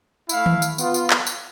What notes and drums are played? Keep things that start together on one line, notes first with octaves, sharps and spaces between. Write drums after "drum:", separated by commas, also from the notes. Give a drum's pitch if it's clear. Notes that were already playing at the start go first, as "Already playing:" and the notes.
A3 E4 F5, drum: tambourine
drum: tom D#3
drum: tambourine
B3 F4, drum: tambourine
drum: tambourine
drum: clap
drum: tambourine